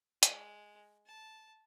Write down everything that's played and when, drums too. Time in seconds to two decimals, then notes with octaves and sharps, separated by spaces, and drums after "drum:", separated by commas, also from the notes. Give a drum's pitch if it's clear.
0.23 G#3, drum: hi-hat
1.06 A5